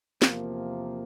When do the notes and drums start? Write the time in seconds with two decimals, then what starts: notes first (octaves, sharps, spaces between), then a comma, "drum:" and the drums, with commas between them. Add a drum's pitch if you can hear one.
0.22 E2 C3 F3 A#3, drum: snare